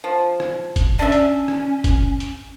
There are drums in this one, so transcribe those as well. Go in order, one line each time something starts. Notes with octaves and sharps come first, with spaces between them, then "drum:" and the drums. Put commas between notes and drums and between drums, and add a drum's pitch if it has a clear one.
F3
drum: rim click
drum: kick, hi-hat
C#4 D4 E5
drum: hi-hat
drum: rim click
drum: kick, hi-hat
drum: hi-hat